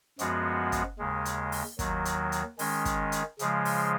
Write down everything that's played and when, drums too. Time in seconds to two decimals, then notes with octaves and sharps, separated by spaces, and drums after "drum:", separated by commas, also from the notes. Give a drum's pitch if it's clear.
0.19 F#2 F3 G#3 B3 F#4, drum: hi-hat
0.72 drum: kick, hi-hat
0.98 D#2 C#3 G#3
1.25 drum: hi-hat
1.52 drum: open hi-hat
1.79 D#2 D#3 F#3, drum: kick, hi-hat
2.05 drum: hi-hat
2.32 drum: hi-hat
2.59 D#3 G#3 C#4, drum: open hi-hat
2.85 drum: kick, hi-hat
3.12 drum: hi-hat
3.39 C#3 F3 G#3, drum: hi-hat
3.65 drum: open hi-hat